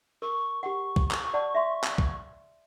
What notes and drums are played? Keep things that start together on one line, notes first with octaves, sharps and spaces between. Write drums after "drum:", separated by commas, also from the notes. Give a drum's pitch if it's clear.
A#4 C#6
G4 F#5 C#6
drum: kick
drum: clap
D5 F#5 A5
E5 F5 C6
drum: clap
drum: kick